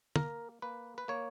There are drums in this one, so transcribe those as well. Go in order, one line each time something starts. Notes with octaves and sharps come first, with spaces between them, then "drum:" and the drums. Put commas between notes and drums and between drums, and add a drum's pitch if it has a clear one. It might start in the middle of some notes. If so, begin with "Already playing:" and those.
A#3 A#4, drum: tom
A#3 B4
B4
A#3 C#5